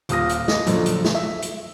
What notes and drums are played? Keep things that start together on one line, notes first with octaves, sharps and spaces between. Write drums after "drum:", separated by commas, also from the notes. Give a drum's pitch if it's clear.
D#1 F4 D#6 A#6, drum: hi-hat
drum: hi-hat
D#5, drum: snare
A#1 F#2 D3 F3, drum: hi-hat
drum: hi-hat
drum: snare
E5
drum: hi-hat